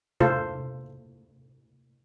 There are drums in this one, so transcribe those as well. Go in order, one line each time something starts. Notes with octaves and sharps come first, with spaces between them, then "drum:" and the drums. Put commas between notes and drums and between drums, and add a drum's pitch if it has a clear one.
F4 A4 C5, drum: tom C3